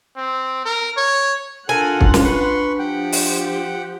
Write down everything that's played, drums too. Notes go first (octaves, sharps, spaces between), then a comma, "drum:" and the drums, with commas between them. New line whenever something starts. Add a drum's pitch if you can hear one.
C4
A#4
C#5
D4 F4 A4 A#4 F5 F#5 G#5
drum: kick
drum: snare
B4 C6 C#6
F3 G4 F#5 G5
drum: open hi-hat